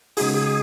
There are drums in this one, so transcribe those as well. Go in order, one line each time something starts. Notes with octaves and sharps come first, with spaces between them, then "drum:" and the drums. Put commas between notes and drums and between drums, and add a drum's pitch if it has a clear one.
C#3 G#3 D#4 F#4 G#4, drum: open hi-hat
G#4